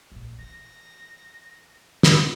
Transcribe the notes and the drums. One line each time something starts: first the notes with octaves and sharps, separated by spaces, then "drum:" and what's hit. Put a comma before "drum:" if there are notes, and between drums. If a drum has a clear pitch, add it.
A#1 A#2
E3 A#6
drum: snare